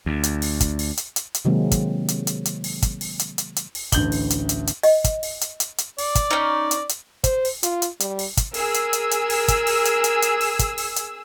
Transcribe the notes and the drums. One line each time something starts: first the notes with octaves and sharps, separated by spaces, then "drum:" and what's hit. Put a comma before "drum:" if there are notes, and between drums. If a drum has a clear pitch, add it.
D2
drum: hi-hat
drum: open hi-hat
drum: kick, hi-hat
drum: open hi-hat
drum: hi-hat
drum: hi-hat
drum: hi-hat
C3 D#3 F#3 G#3 A#3 C4
drum: kick, hi-hat
drum: hi-hat
drum: hi-hat
drum: hi-hat
drum: open hi-hat
drum: kick, hi-hat
drum: open hi-hat
drum: hi-hat
drum: hi-hat
drum: hi-hat
drum: open hi-hat
A1 D2 G6 F#7 G7, drum: kick, hi-hat
drum: open hi-hat
drum: hi-hat
drum: hi-hat
drum: hi-hat
D#5, drum: open hi-hat
drum: kick, hi-hat
drum: open hi-hat
drum: hi-hat
drum: hi-hat
drum: hi-hat
D5, drum: open hi-hat
drum: kick, hi-hat
C#4 D#4
drum: hi-hat
drum: hi-hat
C5, drum: kick, hi-hat
drum: open hi-hat
F4, drum: hi-hat
drum: hi-hat
G3, drum: hi-hat
drum: open hi-hat
drum: kick, hi-hat
G#4 A#4 E6, drum: open hi-hat
drum: hi-hat
drum: hi-hat
drum: hi-hat
drum: open hi-hat
drum: kick, hi-hat
drum: open hi-hat
drum: hi-hat
drum: hi-hat
drum: hi-hat
drum: open hi-hat
drum: kick, hi-hat
drum: open hi-hat
drum: hi-hat